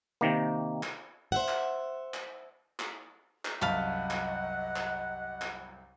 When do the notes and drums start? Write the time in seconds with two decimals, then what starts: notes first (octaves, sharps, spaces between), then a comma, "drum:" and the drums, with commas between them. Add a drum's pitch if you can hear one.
0.21 C3 D#3 A#3
0.83 drum: clap
1.32 C5 E5 F#5
1.48 drum: clap
2.14 drum: clap
2.80 drum: clap
3.45 drum: clap
3.61 C2 F#2 D#5 F5 F#5 A5 B5
4.11 drum: clap
4.76 drum: clap
5.42 drum: clap